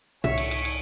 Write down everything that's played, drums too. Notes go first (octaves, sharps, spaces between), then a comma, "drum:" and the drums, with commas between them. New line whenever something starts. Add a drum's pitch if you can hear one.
C2 C#5 E5 C#6, drum: tom
drum: cymbal
drum: cymbal
drum: cymbal